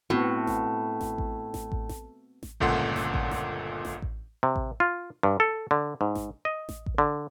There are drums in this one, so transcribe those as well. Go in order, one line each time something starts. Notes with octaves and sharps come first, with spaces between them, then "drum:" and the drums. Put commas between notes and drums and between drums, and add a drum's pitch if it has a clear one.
A2 B3 C4 F#4
drum: snare A1
drum: snare A1
drum: kick A1
drum: snare A1
drum: kick A1
drum: snare A1
drum: snare A1
G1 C#2 A#2 A4 F#5 C6, drum: kick A1
drum: snare A1
drum: kick A1
drum: snare A1
drum: snare A1
drum: kick A1
C3
drum: kick A1
F4
G2
A4
D3
G#2
drum: snare A1
D#5
drum: snare A1
drum: kick A1
D3